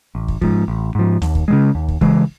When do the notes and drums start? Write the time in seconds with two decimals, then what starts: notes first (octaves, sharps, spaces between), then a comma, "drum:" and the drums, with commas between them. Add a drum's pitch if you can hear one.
0.15 A1
0.28 drum: kick
0.41 G#2 F3, drum: kick
0.68 A1
0.95 G#2 F3
1.22 D#2, drum: snare
1.35 drum: kick
1.48 C#3 E3 G#3
1.75 D#2
1.88 drum: kick
2.01 C#3 E3 G#3, drum: kick